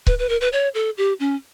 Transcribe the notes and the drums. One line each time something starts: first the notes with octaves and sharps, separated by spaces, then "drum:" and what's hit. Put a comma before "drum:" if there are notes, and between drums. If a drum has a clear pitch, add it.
B4, drum: kick C#1
B4
A#4
B4
C#5
A4
G4
C#4